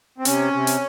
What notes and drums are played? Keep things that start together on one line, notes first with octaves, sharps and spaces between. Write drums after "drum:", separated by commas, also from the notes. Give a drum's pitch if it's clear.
C4
C3 C#4, drum: hi-hat
C3
drum: hi-hat